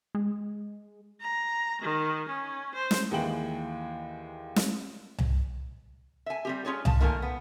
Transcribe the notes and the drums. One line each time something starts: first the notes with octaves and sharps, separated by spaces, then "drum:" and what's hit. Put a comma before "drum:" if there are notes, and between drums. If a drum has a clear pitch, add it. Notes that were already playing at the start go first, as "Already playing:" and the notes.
G#3
A#5
D#3
C#4
C5
drum: snare
D#2 E3 G#3 B4 G5 F#7
drum: snare
drum: tom C2
E5 G#5
G3 C4 G4
C#4 F4 G#4 C#5
F5 A5, drum: tom C2
A#2 D#3 A3 F4 A#4 G#5
B3